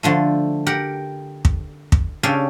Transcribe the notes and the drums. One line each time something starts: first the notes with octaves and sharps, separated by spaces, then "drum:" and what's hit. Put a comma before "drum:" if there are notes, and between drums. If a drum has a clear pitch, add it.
D3 F3 A3
G4 A#4 F#5
drum: kick
drum: kick
C#3 D4 G4 A4 F5